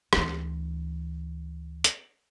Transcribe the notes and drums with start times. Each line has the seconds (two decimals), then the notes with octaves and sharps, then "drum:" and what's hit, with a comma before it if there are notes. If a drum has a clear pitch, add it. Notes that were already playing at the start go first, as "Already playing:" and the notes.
0.13 D2 E3, drum: rim click
1.84 drum: hi-hat